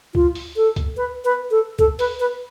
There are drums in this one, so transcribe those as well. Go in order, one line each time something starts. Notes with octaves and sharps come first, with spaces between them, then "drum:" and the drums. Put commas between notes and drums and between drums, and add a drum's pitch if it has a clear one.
F4, drum: kick C#2
drum: open hi-hat
A4
drum: kick C#2, hi-hat
B4
B4
A4
A4, drum: kick C#2
B4, drum: open hi-hat
B4